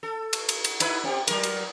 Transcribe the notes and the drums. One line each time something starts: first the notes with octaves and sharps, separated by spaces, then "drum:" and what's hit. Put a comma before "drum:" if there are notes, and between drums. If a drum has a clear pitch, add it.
A4
drum: cymbal
drum: cymbal
drum: cymbal
D#4 E4 B4, drum: cymbal
C4 G4
F#3 A#4, drum: cymbal
drum: cymbal